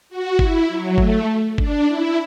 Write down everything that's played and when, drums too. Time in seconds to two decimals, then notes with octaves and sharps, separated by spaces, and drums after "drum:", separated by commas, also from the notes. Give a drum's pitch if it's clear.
0.09 F#4
0.39 E4, drum: kick G1
0.69 F#3
0.98 A3, drum: kick G1
1.58 D4, drum: kick G1
1.87 E4